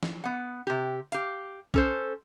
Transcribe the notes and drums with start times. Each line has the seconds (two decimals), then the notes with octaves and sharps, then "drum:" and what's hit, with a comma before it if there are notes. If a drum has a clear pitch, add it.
0.03 drum: snare F3
0.24 B3 F#5
0.67 C3 G4
1.12 G4 F5, drum: hi-hat
1.74 C#4 A4 C5, drum: kick